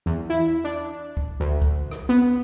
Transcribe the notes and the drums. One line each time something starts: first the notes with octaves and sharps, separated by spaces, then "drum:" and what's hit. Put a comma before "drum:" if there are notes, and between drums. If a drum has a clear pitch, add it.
E2
E4
D4
drum: kick C#2
D2
drum: kick C#2
drum: rim click
B3